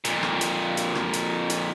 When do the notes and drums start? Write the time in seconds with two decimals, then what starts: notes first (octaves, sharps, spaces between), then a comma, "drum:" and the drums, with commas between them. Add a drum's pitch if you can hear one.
0.05 F2 A#2, drum: hi-hat
0.23 drum: rim click
0.41 drum: hi-hat
0.77 drum: hi-hat
0.95 drum: rim click
1.13 drum: hi-hat
1.50 drum: hi-hat